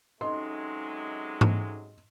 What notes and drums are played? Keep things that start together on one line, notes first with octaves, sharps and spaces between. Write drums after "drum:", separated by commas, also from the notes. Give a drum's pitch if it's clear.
C3 F#3 G#3 C#4 D#4 A4 D#5 C6
drum: tom G#2